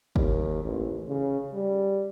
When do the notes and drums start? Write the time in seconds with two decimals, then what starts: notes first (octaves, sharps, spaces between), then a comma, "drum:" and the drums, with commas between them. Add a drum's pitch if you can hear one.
0.16 D#2, drum: kick
0.63 A1
1.08 C#3
1.53 G3